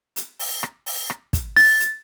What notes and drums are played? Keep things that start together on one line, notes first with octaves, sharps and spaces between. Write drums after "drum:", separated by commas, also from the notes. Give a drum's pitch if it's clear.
drum: hi-hat
drum: open hi-hat
drum: rim click
drum: open hi-hat
drum: rim click
drum: kick, hi-hat
A6, drum: open hi-hat
drum: hi-hat